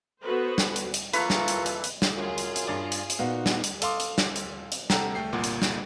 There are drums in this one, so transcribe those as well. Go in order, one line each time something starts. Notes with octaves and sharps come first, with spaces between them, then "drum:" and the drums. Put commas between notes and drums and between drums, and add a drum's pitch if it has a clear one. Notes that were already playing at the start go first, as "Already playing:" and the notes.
B3 F#4 A4 B4 C5
drum: snare
drum: hi-hat
drum: hi-hat
E3 A#3 F4 A4 B4 A#5 C#6, drum: hi-hat
drum: snare
drum: hi-hat
drum: hi-hat
drum: hi-hat
drum: snare
F#2 F4 G#4
drum: hi-hat
drum: hi-hat
G2 D5
drum: hi-hat
drum: hi-hat
A#2 B3 D#4 F#4 F5
drum: snare
drum: hi-hat
A4 F5 C6 D6 D#6, drum: hi-hat
drum: hi-hat
drum: snare
drum: hi-hat
drum: hi-hat
C3 A4 F#5 G5 A#5, drum: snare
A3 G5 C7
G1 C2 A#2 A#3 F#5
drum: hi-hat
drum: snare